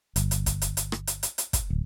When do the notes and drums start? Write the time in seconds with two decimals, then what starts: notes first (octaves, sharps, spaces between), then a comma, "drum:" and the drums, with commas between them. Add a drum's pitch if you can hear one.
0.16 G1, drum: hi-hat
0.31 drum: hi-hat
0.46 drum: kick, hi-hat
0.62 drum: hi-hat
0.77 drum: hi-hat
0.92 drum: rim click
1.07 drum: hi-hat
1.23 drum: hi-hat
1.38 drum: hi-hat
1.53 drum: kick, hi-hat
1.70 D1